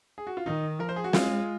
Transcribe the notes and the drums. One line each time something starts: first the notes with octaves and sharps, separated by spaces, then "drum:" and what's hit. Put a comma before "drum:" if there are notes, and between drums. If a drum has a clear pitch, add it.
G#4
F#4
F4
D#3 D#4
F3 A#4
C5
G#4
F#4
G#3 F4, drum: snare